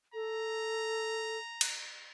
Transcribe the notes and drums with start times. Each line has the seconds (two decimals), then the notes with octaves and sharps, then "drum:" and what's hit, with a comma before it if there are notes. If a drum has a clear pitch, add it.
0.14 A4 A#5
1.61 drum: cymbal